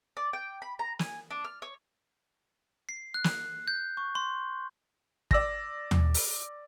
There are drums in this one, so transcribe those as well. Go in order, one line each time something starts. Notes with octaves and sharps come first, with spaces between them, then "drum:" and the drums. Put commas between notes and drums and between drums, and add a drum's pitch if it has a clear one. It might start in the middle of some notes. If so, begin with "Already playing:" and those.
D5
G5
B5
A#5
G#5, drum: snare
D4
F6
C#5
C7
F#6
drum: snare
G6
C#6
C6
D5 E6 A#6, drum: kick
drum: tom D#2
drum: open hi-hat